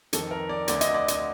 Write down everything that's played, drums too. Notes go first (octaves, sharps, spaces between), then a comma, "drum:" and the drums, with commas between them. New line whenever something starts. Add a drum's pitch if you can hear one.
F2 D#3 A4, drum: hi-hat
A#4
D5
D2 D3 D5, drum: hi-hat
D#5, drum: hi-hat
D5
D#5, drum: hi-hat